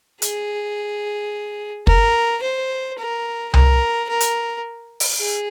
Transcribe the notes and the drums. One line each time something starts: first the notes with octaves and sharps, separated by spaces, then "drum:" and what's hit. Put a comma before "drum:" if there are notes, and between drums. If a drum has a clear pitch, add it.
G#4, drum: hi-hat
A#4, drum: kick
C5
A#4
A#4, drum: tom C2
A#4
drum: hi-hat
drum: open hi-hat
G#4